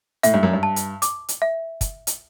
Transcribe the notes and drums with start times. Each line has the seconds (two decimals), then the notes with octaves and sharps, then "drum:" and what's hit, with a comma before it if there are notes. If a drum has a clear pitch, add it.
0.23 A2 E5, drum: hi-hat
0.34 G2
0.43 F#2
0.53 G2
0.63 A5
0.76 drum: hi-hat
1.02 D6, drum: hi-hat
1.29 drum: hi-hat
1.42 E5
1.81 drum: kick, hi-hat
2.07 drum: hi-hat